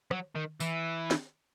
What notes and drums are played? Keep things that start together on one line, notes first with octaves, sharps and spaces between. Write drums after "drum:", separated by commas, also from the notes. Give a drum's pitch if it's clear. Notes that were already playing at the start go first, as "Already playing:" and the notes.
F#3, drum: rim click
D#3
E3, drum: tambourine
drum: snare